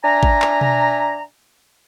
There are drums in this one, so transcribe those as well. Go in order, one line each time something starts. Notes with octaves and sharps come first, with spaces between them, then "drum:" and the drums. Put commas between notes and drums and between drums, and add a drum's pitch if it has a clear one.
D4 E5 G#5 A#5
drum: kick G#1
drum: clap
drum: tom B2